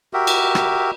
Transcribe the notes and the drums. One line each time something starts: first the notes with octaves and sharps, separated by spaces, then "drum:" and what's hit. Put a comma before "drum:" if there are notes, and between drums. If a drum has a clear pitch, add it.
F#4 G4 A#4 E5
drum: cymbal
drum: rim click